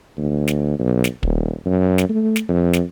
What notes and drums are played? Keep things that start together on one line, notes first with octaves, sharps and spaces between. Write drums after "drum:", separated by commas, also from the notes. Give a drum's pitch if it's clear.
D2
drum: snare
B1
drum: snare
D#1, drum: kick
F#2
drum: snare
A3
drum: snare
F2
drum: snare